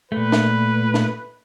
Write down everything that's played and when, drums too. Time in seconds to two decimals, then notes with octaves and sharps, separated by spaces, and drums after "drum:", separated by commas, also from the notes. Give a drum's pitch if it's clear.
0.12 A#2 A3 B4
0.32 drum: snare
0.94 drum: snare